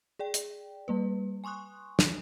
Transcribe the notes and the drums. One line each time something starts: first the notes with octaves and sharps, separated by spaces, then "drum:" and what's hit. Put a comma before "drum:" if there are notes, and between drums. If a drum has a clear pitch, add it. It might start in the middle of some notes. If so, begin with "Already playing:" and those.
G#4 D5 G5
drum: hi-hat
G3 A#3 B4
G#5 C6 C#6 D#6 F#6
drum: snare